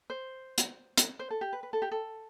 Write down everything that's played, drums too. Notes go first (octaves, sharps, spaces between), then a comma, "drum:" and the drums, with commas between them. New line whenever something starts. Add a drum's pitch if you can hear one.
C5
drum: hi-hat
drum: hi-hat
C5
A4
G4
B4
B4
A4
G4
A4